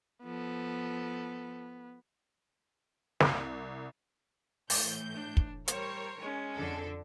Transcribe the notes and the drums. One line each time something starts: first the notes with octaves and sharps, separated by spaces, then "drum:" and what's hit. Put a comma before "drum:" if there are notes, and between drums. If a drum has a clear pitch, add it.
F3 B3 A4
C2, drum: snare
A2 E3 G6, drum: open hi-hat
D4
drum: kick
G3 A#4 C5 C#5, drum: hi-hat
G#3 C#4
F2 D3 A4